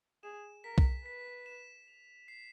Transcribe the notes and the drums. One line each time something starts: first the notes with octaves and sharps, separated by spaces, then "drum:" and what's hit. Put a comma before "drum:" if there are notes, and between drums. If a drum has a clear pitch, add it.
G#4 E7
A#4 B6
drum: kick
B4 B6
E7
F7
C7